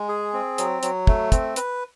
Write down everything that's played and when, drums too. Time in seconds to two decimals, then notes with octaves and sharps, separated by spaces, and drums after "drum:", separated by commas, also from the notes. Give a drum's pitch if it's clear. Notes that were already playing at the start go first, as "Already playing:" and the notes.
Already playing: G#3
0.09 G#4
0.33 C4
0.58 F#3, drum: hi-hat
0.83 F#3, drum: hi-hat
1.07 A3, drum: kick
1.32 C4, drum: kick, hi-hat
1.56 B4, drum: hi-hat